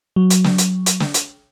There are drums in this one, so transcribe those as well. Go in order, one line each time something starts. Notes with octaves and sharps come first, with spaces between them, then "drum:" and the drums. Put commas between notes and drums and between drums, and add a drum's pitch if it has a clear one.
F#3
drum: hi-hat
drum: snare
drum: hi-hat
drum: hi-hat
drum: snare
drum: hi-hat